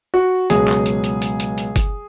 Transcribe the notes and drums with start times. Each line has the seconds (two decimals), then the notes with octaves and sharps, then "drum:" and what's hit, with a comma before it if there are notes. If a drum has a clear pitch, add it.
0.14 F#4
0.50 C#2 B2 F#3 G#4, drum: hi-hat
0.68 drum: clap
0.86 drum: hi-hat
1.04 drum: hi-hat
1.22 drum: hi-hat
1.40 drum: hi-hat
1.58 drum: hi-hat
1.76 drum: kick F#1, hi-hat